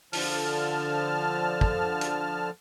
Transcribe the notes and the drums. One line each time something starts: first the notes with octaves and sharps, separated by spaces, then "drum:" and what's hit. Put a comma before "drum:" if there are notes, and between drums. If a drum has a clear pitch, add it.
D3 F3 A5 F6, drum: open hi-hat
drum: kick
drum: hi-hat